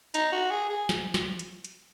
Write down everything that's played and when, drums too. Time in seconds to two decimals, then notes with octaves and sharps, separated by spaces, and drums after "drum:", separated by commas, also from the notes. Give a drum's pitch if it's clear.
0.14 D#4, drum: hi-hat
0.32 F#4
0.51 G#4
0.70 G#4
0.89 drum: snare
1.14 drum: snare
1.39 drum: hi-hat
1.64 drum: hi-hat